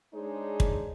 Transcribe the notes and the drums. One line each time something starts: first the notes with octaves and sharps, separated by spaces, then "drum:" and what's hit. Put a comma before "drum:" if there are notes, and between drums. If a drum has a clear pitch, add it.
G#3 D4 D#4 G#4 C5 C#5
drum: kick